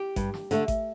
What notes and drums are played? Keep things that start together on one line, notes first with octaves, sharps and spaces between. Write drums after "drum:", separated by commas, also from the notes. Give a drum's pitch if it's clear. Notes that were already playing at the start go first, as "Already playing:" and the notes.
Already playing: G4
G2, drum: kick G#1, hi-hat
drum: snare
D3 A3, drum: hi-hat
drum: kick G#1, hi-hat